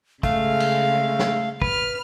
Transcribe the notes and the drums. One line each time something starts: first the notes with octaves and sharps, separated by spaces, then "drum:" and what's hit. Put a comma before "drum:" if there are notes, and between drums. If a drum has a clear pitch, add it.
C#3 G#3 A3 F5, drum: kick
drum: cymbal
drum: snare
B4 F6, drum: kick